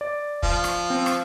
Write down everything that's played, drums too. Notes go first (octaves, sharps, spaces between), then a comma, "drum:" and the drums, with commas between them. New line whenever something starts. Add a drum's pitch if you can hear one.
D5
F3, drum: kick
drum: rim click
C4
drum: rim click